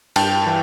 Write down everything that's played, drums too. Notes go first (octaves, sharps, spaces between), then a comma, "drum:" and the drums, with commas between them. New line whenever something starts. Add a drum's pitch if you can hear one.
G2 G5 A5, drum: cymbal
E3